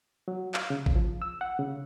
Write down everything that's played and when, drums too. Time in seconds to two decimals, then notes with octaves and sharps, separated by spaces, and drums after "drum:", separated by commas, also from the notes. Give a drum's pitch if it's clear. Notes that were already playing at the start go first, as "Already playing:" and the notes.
0.28 F#3
0.54 F5, drum: clap
0.70 C#3
0.86 drum: kick G#1
0.96 F3
1.22 E6
1.41 F#5
1.59 C#3